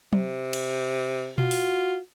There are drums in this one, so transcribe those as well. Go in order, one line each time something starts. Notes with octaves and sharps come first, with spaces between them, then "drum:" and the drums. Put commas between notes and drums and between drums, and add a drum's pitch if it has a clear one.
C3, drum: tom F#3
drum: cymbal
F4 F#4, drum: tom B2
drum: open hi-hat